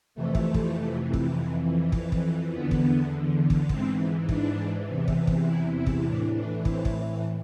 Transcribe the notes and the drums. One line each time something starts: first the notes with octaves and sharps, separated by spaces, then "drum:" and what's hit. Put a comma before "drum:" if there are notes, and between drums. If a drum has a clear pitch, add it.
F2 C3 E3 A3
drum: kick
drum: kick
drum: kick
F2 E3
drum: kick
drum: kick
E2 D3 B3
drum: kick
drum: kick
G#2 E3 C4, drum: kick
D4, drum: kick
E2 C3 E3
drum: kick
drum: kick
E4
E4
drum: kick
A2 E3 D4
D4
C4, drum: kick
drum: kick